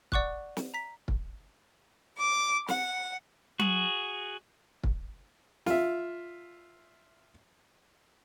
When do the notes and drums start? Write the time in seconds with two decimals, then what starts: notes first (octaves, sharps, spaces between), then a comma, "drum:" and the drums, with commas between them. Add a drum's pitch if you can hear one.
0.12 D5 F#5 C#6 D6 F#6, drum: kick
0.57 drum: snare
0.74 A#5 B6
1.08 drum: kick
2.18 D6
2.68 F#5, drum: snare
3.60 F#4 G#4, drum: tom F#3
4.84 drum: kick
5.66 F4 E5, drum: snare